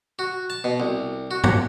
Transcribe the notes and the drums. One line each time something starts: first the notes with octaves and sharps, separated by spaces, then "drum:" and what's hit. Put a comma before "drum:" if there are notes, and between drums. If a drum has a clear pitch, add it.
F#4
A5
B2
C2
F#4
F#5, drum: tom